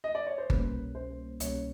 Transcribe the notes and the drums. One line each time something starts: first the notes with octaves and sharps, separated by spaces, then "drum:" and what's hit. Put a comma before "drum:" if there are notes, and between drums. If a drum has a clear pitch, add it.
D#5
D5
C#5
C5
C2 B2 G3 A#3 C#4 B4, drum: kick G1
C5
C2 B2 G3 A#3 C#4 C#5, drum: hi-hat